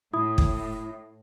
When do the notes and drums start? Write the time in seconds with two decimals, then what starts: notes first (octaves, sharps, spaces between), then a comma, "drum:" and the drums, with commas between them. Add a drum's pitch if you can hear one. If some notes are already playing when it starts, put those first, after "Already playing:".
0.14 A2 E4 D#6
0.38 drum: kick